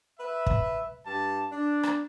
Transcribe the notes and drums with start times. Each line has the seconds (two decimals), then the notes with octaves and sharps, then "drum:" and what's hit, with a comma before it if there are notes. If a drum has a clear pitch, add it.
0.19 B4 E5
0.46 drum: kick
1.05 G2 G3 A5
1.51 D4
1.83 drum: rim click